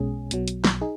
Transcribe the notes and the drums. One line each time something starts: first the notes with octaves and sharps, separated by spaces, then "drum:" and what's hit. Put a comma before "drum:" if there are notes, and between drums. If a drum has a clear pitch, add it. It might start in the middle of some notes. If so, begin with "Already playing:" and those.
Already playing: B1 B2 G#3 C#4 G#4
B1 B2 F#3, drum: hi-hat
drum: hi-hat
drum: snare
D#4 G#4